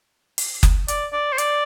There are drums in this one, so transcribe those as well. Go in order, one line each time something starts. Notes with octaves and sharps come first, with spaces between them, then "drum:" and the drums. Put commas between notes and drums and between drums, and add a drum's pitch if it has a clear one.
drum: open hi-hat
drum: kick F#1, hi-hat
D5, drum: hi-hat
D5
C5
D5, drum: hi-hat